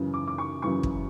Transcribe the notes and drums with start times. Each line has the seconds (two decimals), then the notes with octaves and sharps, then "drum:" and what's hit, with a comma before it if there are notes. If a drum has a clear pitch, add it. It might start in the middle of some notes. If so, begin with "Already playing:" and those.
Already playing: F#2 C#3 E3
0.14 D6
0.27 D6
0.38 C#6
0.62 F#2 C#3 E3 C#6
0.83 drum: kick